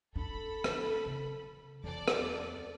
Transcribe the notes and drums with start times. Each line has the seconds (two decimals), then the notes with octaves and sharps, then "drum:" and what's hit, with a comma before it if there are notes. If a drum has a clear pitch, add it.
0.16 D4 A4 B5
0.64 drum: rim click
1.06 C#3
1.84 E2 A4 D5
2.08 drum: rim click